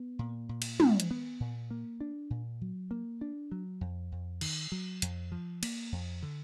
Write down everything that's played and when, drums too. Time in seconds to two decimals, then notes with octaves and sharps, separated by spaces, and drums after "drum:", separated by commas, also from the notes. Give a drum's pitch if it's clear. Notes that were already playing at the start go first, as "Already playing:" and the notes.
Already playing: B3
0.19 A#2
0.49 A#2
0.62 drum: cymbal
0.80 G#3, drum: tom
1.00 drum: hi-hat
1.11 B3
1.40 A#2
1.71 A#3
2.01 D4
2.30 A#2
2.61 F#3
2.91 A#3
3.21 D4
3.52 F#3
3.81 F2
4.12 F2
4.41 D#3, drum: cymbal
4.72 F#3
5.02 F2, drum: hi-hat
5.32 F3
5.63 A#3, drum: cymbal
5.92 F2
6.23 D3